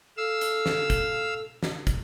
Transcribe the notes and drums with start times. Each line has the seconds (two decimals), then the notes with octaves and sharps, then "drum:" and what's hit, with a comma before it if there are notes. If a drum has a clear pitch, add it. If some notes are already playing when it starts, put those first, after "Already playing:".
0.17 A4 F5 E6
0.41 drum: hi-hat
0.66 drum: snare
0.90 drum: kick, hi-hat
1.63 drum: snare
1.87 drum: kick, hi-hat